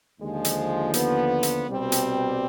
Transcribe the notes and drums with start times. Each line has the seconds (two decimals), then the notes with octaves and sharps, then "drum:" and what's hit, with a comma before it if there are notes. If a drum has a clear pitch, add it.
0.20 D#2 D3 F3 G#3
0.45 drum: hi-hat
0.94 B3, drum: hi-hat
1.43 drum: hi-hat
1.67 C2 B2 G3 C4
1.92 drum: hi-hat